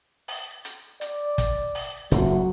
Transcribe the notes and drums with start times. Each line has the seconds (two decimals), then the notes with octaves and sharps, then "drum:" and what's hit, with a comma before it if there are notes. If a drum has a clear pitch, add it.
0.28 drum: open hi-hat
0.65 drum: hi-hat
1.01 D5, drum: hi-hat
1.38 drum: kick, hi-hat
1.75 drum: open hi-hat
2.11 F#1 A2 F#3, drum: hi-hat